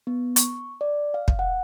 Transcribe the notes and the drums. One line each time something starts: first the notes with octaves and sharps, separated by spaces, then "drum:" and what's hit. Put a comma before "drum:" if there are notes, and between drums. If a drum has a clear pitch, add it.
B3
C#6, drum: hi-hat
D5
F5
drum: kick
F#5